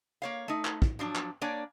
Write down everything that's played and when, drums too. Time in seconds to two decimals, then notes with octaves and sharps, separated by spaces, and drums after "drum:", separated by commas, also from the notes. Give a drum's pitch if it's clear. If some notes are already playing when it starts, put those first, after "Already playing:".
0.22 A#3 C#5 F5
0.48 A3 D#4
0.65 drum: clap
0.82 drum: kick
0.99 F3 F#3 D4
1.15 drum: clap
1.41 A#3 D4 C#5 D5 G#5